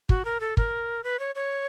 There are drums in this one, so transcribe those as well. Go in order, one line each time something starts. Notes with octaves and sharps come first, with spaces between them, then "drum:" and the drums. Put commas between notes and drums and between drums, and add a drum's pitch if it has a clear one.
F#4, drum: kick
A#4
A4
A#4, drum: kick
B4
C#5
C#5